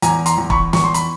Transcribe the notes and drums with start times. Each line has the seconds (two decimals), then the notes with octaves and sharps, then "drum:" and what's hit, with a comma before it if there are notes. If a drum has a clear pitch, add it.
0.02 E2 G#5 A#5, drum: hi-hat
0.26 A#5 C6, drum: hi-hat
0.38 E2
0.50 B5 C#6, drum: kick
0.73 E2 C#6, drum: snare
0.84 C6
0.94 B5, drum: hi-hat